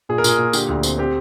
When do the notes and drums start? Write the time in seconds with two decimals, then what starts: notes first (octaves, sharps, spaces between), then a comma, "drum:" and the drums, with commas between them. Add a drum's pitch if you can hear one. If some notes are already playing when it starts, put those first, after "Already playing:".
0.09 A#2 G#4
0.18 A#4
0.24 A#2 G#4, drum: tambourine
0.38 A#2
0.53 D3 G4, drum: tambourine
0.69 D2
0.83 C4, drum: tambourine
0.98 C4 G4